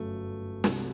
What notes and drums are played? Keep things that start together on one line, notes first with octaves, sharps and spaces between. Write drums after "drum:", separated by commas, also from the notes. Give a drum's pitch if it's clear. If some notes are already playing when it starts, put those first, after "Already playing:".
Already playing: G1 F#2 F#3 A3
C2 C3 F#3, drum: snare